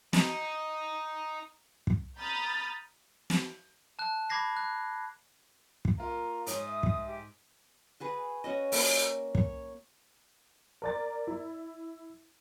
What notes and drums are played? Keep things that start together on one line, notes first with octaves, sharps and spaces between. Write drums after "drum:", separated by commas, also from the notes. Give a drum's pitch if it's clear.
D#4, drum: snare
drum: kick
A#5 B5 D#6 F6 G6 A6
drum: snare
A5 F#6
B5 D6 G#6 A#6 C7
F#6
drum: kick
A#3 F4 A#5
G#2 C#5 D#6, drum: hi-hat
E5
drum: kick
G4
F#4 G#4 B4
C#4 F#4 D#5
A#3 F#4, drum: open hi-hat
C#5, drum: kick
A#4 D5 A6
E4